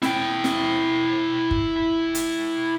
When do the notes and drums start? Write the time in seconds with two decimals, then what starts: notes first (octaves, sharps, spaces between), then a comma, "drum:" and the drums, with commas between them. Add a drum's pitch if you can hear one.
0.02 E4 G5, drum: snare
0.44 drum: snare
1.51 drum: kick
2.15 drum: hi-hat